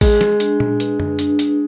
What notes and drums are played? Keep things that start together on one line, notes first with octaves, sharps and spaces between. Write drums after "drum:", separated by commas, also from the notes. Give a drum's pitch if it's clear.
G#3 G#4, drum: kick, open hi-hat
drum: snare
D4, drum: hi-hat
drum: tom A#2
B4, drum: hi-hat
drum: tom F#2
D4, drum: hi-hat
drum: hi-hat